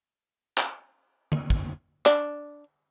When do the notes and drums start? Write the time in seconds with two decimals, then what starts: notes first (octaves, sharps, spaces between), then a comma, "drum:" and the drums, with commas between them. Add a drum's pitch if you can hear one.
0.58 drum: clap
1.32 drum: tom
1.50 drum: kick
2.06 D4, drum: clap